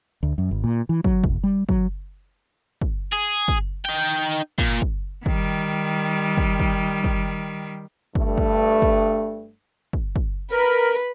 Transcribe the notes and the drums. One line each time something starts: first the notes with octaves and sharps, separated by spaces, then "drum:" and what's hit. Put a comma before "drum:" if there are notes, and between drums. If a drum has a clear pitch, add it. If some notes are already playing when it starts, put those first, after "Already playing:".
D2
F#2
G#1
A#2
E3
F#3, drum: kick
F1, drum: kick
G3
F#3, drum: kick
drum: kick
G#4
drum: kick
D#4 G5
A#2, drum: kick
drum: kick
D#3 G3, drum: kick
drum: kick
drum: kick
drum: kick
G2 A3, drum: kick
drum: kick
drum: kick
drum: kick
drum: kick
A#4 B4 B5